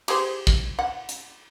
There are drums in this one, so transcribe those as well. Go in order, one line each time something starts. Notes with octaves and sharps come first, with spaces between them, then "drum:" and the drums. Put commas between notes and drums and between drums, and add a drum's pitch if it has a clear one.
G4 G#4 C5, drum: cymbal
drum: kick
F#5
drum: hi-hat